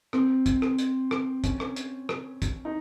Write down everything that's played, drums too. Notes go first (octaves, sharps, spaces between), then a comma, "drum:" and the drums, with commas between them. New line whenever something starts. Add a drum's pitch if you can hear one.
C4, drum: rim click
drum: kick, hi-hat
drum: rim click
drum: hi-hat
drum: rim click
C#4, drum: kick, hi-hat
drum: rim click
drum: hi-hat
drum: rim click
drum: kick, hi-hat
D#4